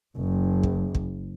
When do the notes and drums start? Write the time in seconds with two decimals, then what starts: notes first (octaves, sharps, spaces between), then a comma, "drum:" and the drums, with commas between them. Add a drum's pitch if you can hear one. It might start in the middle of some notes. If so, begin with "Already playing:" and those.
0.17 F#1
0.63 drum: kick
0.95 drum: kick